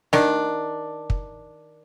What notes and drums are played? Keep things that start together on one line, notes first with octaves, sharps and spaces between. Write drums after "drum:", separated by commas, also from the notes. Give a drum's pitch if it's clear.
D#3 D4, drum: snare
drum: kick